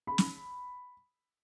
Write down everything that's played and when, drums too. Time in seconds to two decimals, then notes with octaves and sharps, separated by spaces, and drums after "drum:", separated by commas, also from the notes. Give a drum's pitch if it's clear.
0.07 B5
0.18 drum: snare